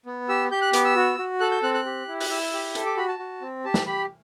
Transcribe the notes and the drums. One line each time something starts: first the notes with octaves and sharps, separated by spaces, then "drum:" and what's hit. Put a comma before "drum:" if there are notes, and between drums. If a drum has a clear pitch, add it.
B3
G4 E6
G4 G6
F#6
B3 D6, drum: hi-hat
E6
F#4
F#4
A4 F#6
G6
C4 F#6
F#6
G4
E4
F#6, drum: open hi-hat
E4 E6
G4
A4, drum: hi-hat
D6
F#4 B5
A5
F#4
C4
G4 A5
drum: snare
G4 B5